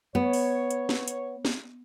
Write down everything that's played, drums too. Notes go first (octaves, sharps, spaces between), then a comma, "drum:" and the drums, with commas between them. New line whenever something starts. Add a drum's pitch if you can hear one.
B3 C#5
drum: open hi-hat
drum: hi-hat
drum: snare
drum: hi-hat
drum: snare